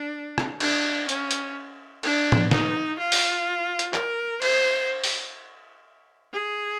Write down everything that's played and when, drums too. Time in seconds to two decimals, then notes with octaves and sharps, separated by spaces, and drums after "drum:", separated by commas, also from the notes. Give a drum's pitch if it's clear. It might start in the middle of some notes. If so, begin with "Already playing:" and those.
Already playing: D4
0.38 drum: rim click
0.60 D4, drum: cymbal
1.09 C#4, drum: hi-hat
1.31 drum: hi-hat
2.03 D4, drum: cymbal
2.32 drum: tom
2.51 D#4, drum: snare
2.99 F4
3.12 drum: open hi-hat
3.79 drum: hi-hat
3.94 A#4, drum: clap
4.42 C5, drum: cymbal
5.04 drum: open hi-hat
6.32 G#4